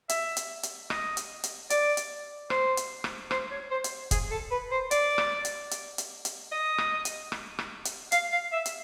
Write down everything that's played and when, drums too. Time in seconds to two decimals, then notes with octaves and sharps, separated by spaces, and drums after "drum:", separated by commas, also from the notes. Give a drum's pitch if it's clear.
0.09 E5, drum: hi-hat
0.37 drum: hi-hat
0.63 drum: hi-hat
0.90 D#5, drum: rim click
1.17 drum: hi-hat
1.44 drum: hi-hat
1.70 D5, drum: hi-hat
1.97 drum: hi-hat
2.50 C5, drum: rim click
2.77 drum: hi-hat
3.04 drum: rim click
3.31 C5, drum: rim click
3.51 C#5
3.71 C5
3.84 drum: hi-hat
4.11 G#4, drum: kick, hi-hat
4.31 A4
4.51 B4
4.71 C5
4.91 D5, drum: hi-hat
5.18 drum: rim click
5.45 drum: hi-hat
5.71 drum: hi-hat
5.98 drum: hi-hat
6.25 drum: hi-hat
6.51 D#5
6.78 drum: rim click
7.05 drum: hi-hat
7.32 drum: rim click
7.59 drum: rim click
7.85 drum: hi-hat
8.12 F5, drum: hi-hat
8.32 F5
8.52 E5
8.66 drum: hi-hat